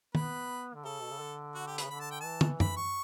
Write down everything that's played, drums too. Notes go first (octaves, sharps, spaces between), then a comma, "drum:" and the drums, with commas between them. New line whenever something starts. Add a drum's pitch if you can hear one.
B3 B4, drum: tom
D3
C#3 A4
B2
C#3
D3
F#4
G4
B4, drum: hi-hat
C#3
D3 B5
A5
G5
E3 A5
drum: tom
B5, drum: tom F#2
C#6